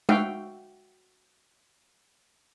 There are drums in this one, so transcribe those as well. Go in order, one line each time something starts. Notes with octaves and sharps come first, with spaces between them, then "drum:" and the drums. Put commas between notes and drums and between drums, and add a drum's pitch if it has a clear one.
F#4 E5 F5 G5, drum: tom G#3